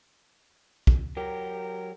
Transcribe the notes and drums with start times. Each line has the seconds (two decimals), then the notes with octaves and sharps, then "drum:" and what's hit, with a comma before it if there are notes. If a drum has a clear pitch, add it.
0.87 drum: kick
1.17 F#3 G4 A#4